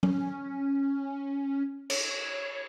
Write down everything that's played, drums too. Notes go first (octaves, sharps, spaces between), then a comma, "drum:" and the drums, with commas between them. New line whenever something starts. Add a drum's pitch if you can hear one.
C#4, drum: tom F#3
C#5, drum: cymbal